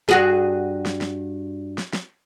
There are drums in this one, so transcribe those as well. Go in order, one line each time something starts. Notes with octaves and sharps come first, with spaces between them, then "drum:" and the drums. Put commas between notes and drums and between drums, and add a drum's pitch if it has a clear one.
G2 F#4 G#4, drum: snare
drum: snare
drum: snare
drum: snare
drum: snare